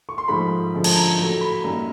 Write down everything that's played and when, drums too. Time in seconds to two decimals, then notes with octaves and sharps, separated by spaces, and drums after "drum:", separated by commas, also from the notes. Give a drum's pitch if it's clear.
0.09 C#6
0.18 C6
0.28 G#2 F3 A3 B5
0.74 F#2 D3 F3 G#3
0.84 A5, drum: cymbal
0.96 A#5
1.19 A2 F#3 A3 A#5
1.41 B5
1.64 F#2 D#3 G3 A#3 A#5